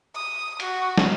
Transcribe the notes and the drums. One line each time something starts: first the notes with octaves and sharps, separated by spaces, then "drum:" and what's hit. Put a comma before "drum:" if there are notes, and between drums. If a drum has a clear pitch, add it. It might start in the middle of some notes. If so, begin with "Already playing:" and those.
D#6
F#4, drum: hi-hat
drum: snare